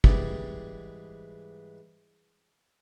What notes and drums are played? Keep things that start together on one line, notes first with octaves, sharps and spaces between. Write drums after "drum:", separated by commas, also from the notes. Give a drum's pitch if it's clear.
G#2 E3 G3 G#4 D5, drum: kick